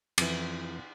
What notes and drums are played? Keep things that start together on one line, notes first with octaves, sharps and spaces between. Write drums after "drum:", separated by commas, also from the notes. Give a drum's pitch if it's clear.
F2 E3, drum: cymbal